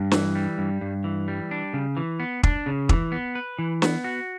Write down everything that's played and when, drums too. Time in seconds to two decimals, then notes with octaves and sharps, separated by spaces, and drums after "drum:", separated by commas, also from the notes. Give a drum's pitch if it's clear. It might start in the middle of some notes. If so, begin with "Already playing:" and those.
Already playing: G2
0.11 E3, drum: snare
0.35 G3
0.58 G2
0.81 G2
1.04 E3
1.28 G3
1.51 D4
1.74 C#3
1.97 E3
2.20 B3
2.43 D4, drum: kick
2.66 C#3
2.89 E3, drum: kick
3.12 B3
3.35 B4
3.59 E3
3.82 B3, drum: snare
4.04 F#4